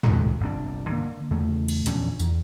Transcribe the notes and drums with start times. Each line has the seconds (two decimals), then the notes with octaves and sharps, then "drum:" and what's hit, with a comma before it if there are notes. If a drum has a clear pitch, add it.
0.03 D#1 C#2, drum: tom
0.40 G1 C2 D4
0.89 D3 A#3
1.31 E2 C#3 A3
1.68 drum: cymbal
1.86 A#1 E2 C#4 D4, drum: hi-hat
2.19 E2, drum: tambourine